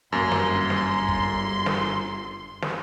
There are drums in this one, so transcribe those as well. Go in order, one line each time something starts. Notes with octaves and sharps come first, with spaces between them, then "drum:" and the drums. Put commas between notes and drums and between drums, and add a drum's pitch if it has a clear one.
G1 F#2 A#3 C6
drum: snare
drum: snare
drum: kick
drum: snare
drum: snare